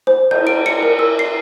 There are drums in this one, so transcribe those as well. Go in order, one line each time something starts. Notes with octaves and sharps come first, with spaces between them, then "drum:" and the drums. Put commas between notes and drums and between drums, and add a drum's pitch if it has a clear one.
C5
G6, drum: cymbal
D7
C#7
A#4
E6
C7